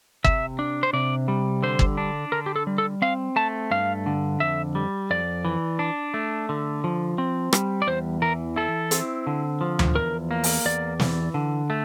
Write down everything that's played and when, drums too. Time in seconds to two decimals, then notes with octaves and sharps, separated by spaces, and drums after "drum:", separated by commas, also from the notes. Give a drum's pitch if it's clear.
0.24 C3 E5, drum: kick
0.59 D4
0.83 C5
0.93 C3 D5
1.28 G3
1.63 D3 C5
1.79 drum: kick
1.97 D4
2.32 D3 A#4
2.46 G4
2.56 A4
2.67 G3
2.78 A4
3.02 C4 F5
3.36 A3 A5
3.71 G2 F5
4.06 D3
4.40 F2 E5
4.75 G3
5.10 F2 D5
5.45 E3
5.79 D4
6.14 A3
6.49 D3
6.84 F3
7.18 C4
7.53 G3, drum: rim click
7.82 D5
7.87 E2 C5
8.22 E3 A#4
8.56 E4 A4
8.91 C4, drum: hi-hat
9.27 D3
9.61 F3
9.79 drum: tom D2
9.95 E2 A#4
10.31 A#3
10.44 drum: open hi-hat
10.65 E2 D5
11.00 E3, drum: snare
11.34 D3
11.70 A3